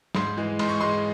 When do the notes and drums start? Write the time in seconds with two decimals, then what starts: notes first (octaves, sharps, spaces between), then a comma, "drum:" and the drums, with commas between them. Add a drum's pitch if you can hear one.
0.15 G#2 C6, drum: snare
0.37 E3 G#3
0.59 G#2 C6, drum: cymbal
0.69 C#6
0.81 E3 G#3 C6